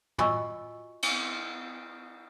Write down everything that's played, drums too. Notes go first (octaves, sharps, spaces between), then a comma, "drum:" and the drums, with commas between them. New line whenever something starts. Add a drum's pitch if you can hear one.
F4 F#4 D#5 G#5 C#6 E6, drum: tom
drum: cymbal